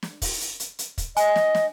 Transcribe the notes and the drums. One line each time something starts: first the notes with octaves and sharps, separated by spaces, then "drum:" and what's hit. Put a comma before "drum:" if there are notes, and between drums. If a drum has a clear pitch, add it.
drum: snare
drum: kick, open hi-hat
drum: hi-hat
drum: hi-hat
drum: hi-hat
drum: kick, hi-hat
D#5 G#5, drum: hi-hat
drum: snare
drum: snare